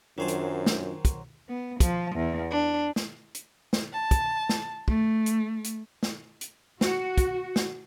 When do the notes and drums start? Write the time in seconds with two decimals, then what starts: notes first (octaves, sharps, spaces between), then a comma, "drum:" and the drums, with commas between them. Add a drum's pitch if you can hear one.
0.18 F#2 D#3 F#3 D4 F4 G#4 C5 A5
0.28 drum: hi-hat
0.66 drum: snare
1.05 drum: kick, hi-hat
1.49 B3
1.80 F3, drum: kick, hi-hat
2.16 E2
2.51 D4
2.96 drum: snare
3.35 drum: hi-hat
3.73 drum: snare
3.92 A5
4.11 drum: kick, hi-hat
4.49 drum: snare
4.88 A3, drum: kick
5.26 drum: hi-hat
5.64 drum: hi-hat
6.03 drum: snare
6.41 drum: hi-hat
6.81 F#4, drum: snare
7.18 drum: kick, hi-hat
7.56 drum: snare